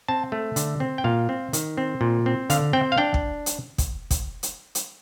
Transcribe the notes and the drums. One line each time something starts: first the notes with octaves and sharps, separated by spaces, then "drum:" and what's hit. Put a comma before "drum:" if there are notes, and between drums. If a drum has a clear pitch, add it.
C4 A5
A3
D3, drum: hi-hat
C4
G5
A#2 F5
C4
D#3, drum: hi-hat
C4
A#2
C4
D3 F5, drum: hi-hat
C4 G5
F5
D4 G5
drum: kick
drum: hi-hat
drum: kick, hi-hat
drum: kick, hi-hat
drum: hi-hat
drum: hi-hat